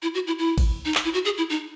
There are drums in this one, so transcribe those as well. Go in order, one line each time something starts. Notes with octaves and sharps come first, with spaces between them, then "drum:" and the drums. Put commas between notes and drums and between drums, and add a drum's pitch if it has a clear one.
E4
F#4
E4
E4
drum: kick G#1, cymbal
D#4
drum: clap
E4
F#4
G#4
E4
D#4